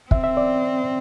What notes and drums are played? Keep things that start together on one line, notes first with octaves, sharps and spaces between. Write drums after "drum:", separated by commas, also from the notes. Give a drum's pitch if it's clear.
C4 E5, drum: kick
E5
D5